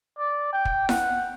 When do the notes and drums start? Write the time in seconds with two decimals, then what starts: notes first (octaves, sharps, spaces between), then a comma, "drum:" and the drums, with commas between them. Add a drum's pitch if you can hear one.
0.18 D5
0.53 G5
0.65 drum: kick
0.89 F#5, drum: snare E4